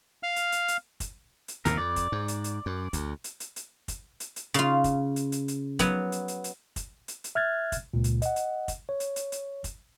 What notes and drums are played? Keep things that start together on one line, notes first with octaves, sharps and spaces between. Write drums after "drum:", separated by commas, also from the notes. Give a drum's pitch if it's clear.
F5 F6
drum: hi-hat
drum: hi-hat
drum: hi-hat
drum: kick, hi-hat
drum: hi-hat
D#2 A2 C3 A#4, drum: hi-hat
F2 D5
drum: kick, hi-hat
G#2
drum: hi-hat
drum: hi-hat
F#2
D2, drum: kick, hi-hat
drum: hi-hat
drum: hi-hat
drum: hi-hat
drum: kick, hi-hat
drum: hi-hat
drum: hi-hat
C#3 F4, drum: hi-hat
drum: kick, hi-hat
drum: hi-hat
drum: hi-hat
drum: hi-hat
F#3 B3, drum: kick, hi-hat
drum: hi-hat
drum: hi-hat
drum: hi-hat
drum: kick, hi-hat
drum: hi-hat
drum: hi-hat
E5 F6 F#6 G#6 A6
drum: kick, hi-hat
C#2 A#2
drum: hi-hat
D#5 F#5, drum: hi-hat
drum: hi-hat
drum: kick, hi-hat
C#5
drum: hi-hat
drum: hi-hat
drum: hi-hat
drum: kick, hi-hat